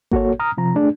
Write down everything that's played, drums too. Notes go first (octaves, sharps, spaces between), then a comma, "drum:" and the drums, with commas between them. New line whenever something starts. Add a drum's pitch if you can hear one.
A#3 F#4 A4 C#5, drum: kick G#1
A#5 D#6 F6
C3 F3 A#5
A3 D4 G#4